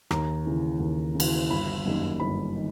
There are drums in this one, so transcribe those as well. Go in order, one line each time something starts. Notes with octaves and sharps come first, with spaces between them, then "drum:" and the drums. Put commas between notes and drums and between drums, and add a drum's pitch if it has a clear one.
D#2 A#5, drum: rim click
C#3 E3
D#2
C#3
E3, drum: cymbal
G1 B5
F#2 D#3 G3 A#3
G1 B5
D#3